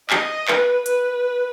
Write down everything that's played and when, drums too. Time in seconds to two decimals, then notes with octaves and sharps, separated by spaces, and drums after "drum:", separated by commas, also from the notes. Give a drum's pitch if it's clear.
0.10 D#5, drum: clap
0.48 B4, drum: clap
0.86 B4, drum: hi-hat